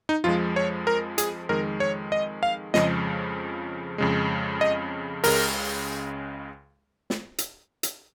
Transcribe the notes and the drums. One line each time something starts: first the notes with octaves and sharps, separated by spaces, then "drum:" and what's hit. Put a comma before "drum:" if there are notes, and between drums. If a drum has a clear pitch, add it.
D#4
F2 F3 G#3 F4
C#5
A#4
G#4, drum: hi-hat
F2 D#3 G#3 A#4
C#5
D#5
F5
F2 C#3 F3 G#3 D#5, drum: snare
F2 C#3 G#3
D#5
C#2 C#3 G#3 A#4, drum: open hi-hat
drum: snare
drum: hi-hat
drum: hi-hat